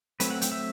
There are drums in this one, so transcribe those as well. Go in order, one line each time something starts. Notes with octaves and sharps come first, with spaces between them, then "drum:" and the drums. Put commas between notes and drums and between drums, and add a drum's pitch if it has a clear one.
F#3 A3 C4 B4, drum: hi-hat
F#5
G5, drum: hi-hat
E5